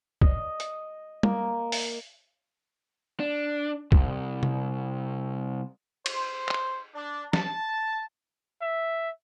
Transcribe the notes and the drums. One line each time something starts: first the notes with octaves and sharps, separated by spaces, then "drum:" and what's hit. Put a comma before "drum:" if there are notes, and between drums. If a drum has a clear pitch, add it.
D#5, drum: kick
drum: hi-hat
A#3, drum: tom
drum: open hi-hat
D4
C2, drum: kick
drum: tom C3
C5, drum: cymbal
drum: clap
D4
A5, drum: snare
E5